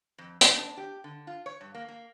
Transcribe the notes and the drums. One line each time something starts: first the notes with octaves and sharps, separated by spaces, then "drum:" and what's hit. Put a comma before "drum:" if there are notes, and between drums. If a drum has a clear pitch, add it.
F2
C4, drum: hi-hat
D4
G4
D3
F4
C#5
G2
A#3
A#3